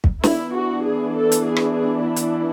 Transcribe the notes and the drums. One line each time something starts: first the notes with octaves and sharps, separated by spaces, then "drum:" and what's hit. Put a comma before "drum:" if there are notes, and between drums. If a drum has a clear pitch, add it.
drum: kick
E3 B3 D4 E4, drum: snare
F#4
G#4
A4
drum: hi-hat
G#4
drum: rim click
G#4
E4
drum: hi-hat